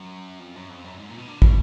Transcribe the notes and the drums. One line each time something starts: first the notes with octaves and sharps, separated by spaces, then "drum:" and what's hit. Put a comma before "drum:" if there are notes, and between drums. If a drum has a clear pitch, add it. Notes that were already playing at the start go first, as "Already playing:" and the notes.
Already playing: F#2
F2
F#2
F2
F#2
G#2
A#2
B2
D3
B2, drum: kick